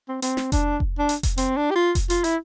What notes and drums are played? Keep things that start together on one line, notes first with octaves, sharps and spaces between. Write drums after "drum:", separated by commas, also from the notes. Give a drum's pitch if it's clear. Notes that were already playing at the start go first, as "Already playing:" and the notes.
C4
C4, drum: hi-hat
drum: snare
D4, drum: kick F1, hi-hat
drum: kick F1
D4
drum: hi-hat
drum: kick F1, hi-hat
C4, drum: hi-hat
D4
G4
F4
drum: kick F1, hi-hat
F4, drum: hi-hat
E4, drum: hi-hat